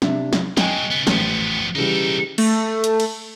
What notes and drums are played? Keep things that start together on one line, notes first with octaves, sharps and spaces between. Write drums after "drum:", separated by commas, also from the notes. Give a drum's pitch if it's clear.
C3 D4 E5, drum: snare
drum: snare
F#3 G#3 D#5 G5 G#5, drum: snare
C#3 B3
A1 F3 B3, drum: snare
C#3 E3 G3 D#4 A4
A3, drum: cymbal
drum: hi-hat
drum: cymbal